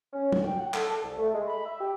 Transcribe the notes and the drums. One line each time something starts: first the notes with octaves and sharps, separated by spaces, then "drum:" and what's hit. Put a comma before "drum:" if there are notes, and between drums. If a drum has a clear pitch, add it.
C#4
D2, drum: tom
G5
F#5
A4, drum: clap
A4
C2
A3
G#3
B5
E5
G4